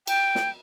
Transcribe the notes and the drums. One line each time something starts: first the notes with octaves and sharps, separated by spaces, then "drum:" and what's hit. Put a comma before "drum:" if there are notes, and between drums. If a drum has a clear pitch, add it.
G5, drum: cymbal
drum: snare